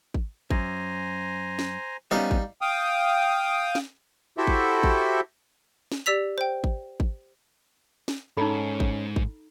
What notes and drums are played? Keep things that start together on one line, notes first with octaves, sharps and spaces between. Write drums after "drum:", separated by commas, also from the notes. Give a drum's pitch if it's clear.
drum: kick G#1
F#2 C5 G#5 A#5, drum: kick G#1
drum: snare
G3 B3 C#4 D#4 F5
drum: kick G#1
F5 G5 D#6
drum: snare
E4 F#4 G4 A4 C5 E5
drum: kick G#1
drum: kick G#1
drum: snare
G4 D5 E6 B6 F7
C5 G5
drum: kick G#1
drum: kick G#1
drum: snare
G#2 C#4 D#4 A4 A#5 B5
drum: kick G#1
drum: kick G#1